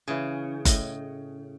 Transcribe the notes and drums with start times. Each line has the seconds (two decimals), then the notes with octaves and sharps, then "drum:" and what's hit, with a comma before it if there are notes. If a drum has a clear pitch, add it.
0.08 C#3 E3 G#4
0.65 A2 D#5, drum: kick F#1, hi-hat